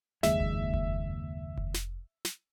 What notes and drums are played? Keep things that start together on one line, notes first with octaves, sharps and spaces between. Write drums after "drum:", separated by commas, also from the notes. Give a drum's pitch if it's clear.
F#1 D#2 G#3 E5, drum: snare
drum: kick F1
drum: kick F1
drum: kick F1
drum: snare
drum: snare